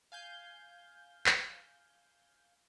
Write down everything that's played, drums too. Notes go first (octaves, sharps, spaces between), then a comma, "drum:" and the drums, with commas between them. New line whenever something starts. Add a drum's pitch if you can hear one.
F5 G#5 G6
drum: clap